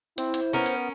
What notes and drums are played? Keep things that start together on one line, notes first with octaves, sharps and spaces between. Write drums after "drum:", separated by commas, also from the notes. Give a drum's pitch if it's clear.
C4 E4 C5, drum: hi-hat
drum: hi-hat
B3 C#4 A#4
drum: hi-hat